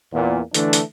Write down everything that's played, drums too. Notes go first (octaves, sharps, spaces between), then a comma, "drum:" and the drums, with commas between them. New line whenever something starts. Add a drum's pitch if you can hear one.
E2 A#2
D3 E3 A3 D4, drum: hi-hat
drum: hi-hat